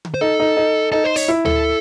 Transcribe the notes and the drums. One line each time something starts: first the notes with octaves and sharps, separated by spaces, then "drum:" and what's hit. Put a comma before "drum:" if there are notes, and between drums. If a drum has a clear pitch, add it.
drum: tom D3
C5
D#4 A4
D#4
D#4
D#4 A4
C5
C#5, drum: open hi-hat
E4
A4, drum: tom D2